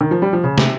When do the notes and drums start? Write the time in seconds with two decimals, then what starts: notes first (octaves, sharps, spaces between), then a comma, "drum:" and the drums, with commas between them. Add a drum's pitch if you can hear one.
0.01 D#3
0.11 F3
0.22 G3
0.33 F3
0.44 C#3
0.58 C3, drum: snare